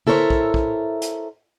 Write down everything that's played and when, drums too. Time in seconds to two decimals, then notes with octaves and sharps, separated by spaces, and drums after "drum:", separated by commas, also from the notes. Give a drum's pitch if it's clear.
0.07 E4 A4 A#4 C5 C#5 E5, drum: tom
0.30 drum: kick
0.54 drum: kick
1.02 drum: hi-hat